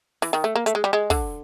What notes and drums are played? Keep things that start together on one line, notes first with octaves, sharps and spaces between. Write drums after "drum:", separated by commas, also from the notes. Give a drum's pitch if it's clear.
E3, drum: open hi-hat
D#3
A3
A#3
A3, drum: hi-hat
G#3
G3
G#3
D3, drum: kick, open hi-hat